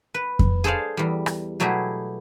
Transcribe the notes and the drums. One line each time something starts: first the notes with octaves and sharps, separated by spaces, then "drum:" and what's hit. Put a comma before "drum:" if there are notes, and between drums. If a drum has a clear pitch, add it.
B4
drum: kick F2
G#4 A4 C5 D5 F5
E2 G3
drum: rim click
B2 F#3 A3 E4 G4 G#4